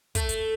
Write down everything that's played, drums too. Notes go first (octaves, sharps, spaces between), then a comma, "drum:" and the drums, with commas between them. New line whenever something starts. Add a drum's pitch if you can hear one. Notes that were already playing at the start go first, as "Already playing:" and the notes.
A3, drum: kick, hi-hat
drum: hi-hat